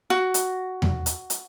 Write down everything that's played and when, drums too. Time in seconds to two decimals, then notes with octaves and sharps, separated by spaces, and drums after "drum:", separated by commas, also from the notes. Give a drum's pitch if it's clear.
0.10 F#4
0.34 drum: hi-hat
0.82 drum: tom E2
1.06 drum: hi-hat
1.30 drum: hi-hat